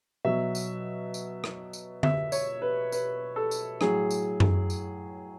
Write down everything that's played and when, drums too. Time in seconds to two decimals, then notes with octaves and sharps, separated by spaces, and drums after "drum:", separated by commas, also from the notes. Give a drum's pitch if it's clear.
0.25 B2 F#3 E5
0.55 drum: tambourine
1.14 drum: tambourine
1.44 drum: rim click
1.73 drum: tambourine
2.03 E5, drum: tom D3
2.32 C#5, drum: tambourine
2.62 B4
2.92 B4, drum: tambourine
3.36 A4
3.51 drum: tambourine
3.81 A2 F#3 G#4, drum: rim click
4.11 drum: tambourine
4.40 drum: tom F#2
4.70 drum: tambourine